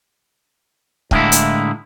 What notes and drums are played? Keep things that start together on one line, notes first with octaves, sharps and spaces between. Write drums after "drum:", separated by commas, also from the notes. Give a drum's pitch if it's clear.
A2 D3 G3 G#3 A#3 E4, drum: kick C#1
drum: hi-hat